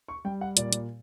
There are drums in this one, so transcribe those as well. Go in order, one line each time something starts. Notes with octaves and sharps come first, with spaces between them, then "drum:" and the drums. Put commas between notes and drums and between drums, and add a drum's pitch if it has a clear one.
C#6
G3 G5
F#5
A#2 D5, drum: hi-hat
drum: hi-hat